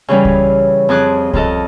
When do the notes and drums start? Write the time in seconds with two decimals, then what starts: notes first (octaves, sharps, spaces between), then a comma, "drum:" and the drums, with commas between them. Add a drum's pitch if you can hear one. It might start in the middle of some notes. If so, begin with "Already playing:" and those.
0.08 C#3 E3 G3 C#4
0.25 drum: kick C2
0.89 F2 F3 G#4 D6 F#6
1.34 F2 F4 A4 D#5, drum: kick C2